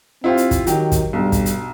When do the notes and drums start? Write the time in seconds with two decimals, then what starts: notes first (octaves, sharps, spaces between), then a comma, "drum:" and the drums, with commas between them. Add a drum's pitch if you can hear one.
0.24 C4 E4 F4 G4
0.37 drum: hi-hat
0.51 drum: kick, hi-hat
0.67 D#3 F#3 G4, drum: hi-hat
0.92 drum: kick, hi-hat
1.13 B1 G2
1.32 drum: kick, hi-hat
1.46 drum: hi-hat